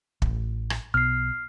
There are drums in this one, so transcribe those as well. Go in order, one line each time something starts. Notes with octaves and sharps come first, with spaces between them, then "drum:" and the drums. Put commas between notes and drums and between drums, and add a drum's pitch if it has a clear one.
A1, drum: kick
drum: rim click
B1 B2 F6 C7